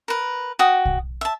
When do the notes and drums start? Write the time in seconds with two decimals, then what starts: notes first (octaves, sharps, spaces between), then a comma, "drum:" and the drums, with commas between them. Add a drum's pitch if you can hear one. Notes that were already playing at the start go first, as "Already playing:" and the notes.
0.08 A#4 B4
0.59 F#4 G5 D#6
0.85 drum: kick
1.21 E5 A5